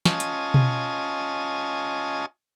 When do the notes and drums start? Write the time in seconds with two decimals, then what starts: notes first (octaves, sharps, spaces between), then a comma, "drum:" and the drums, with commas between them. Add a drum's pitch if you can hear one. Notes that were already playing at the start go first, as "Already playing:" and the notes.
0.06 C#4 F4 D#5 G#5 A5, drum: snare
0.20 drum: hi-hat
0.54 drum: tom B2